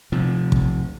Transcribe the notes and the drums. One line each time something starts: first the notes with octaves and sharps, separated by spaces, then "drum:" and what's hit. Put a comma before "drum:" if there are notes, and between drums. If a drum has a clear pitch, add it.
C3 F3
drum: kick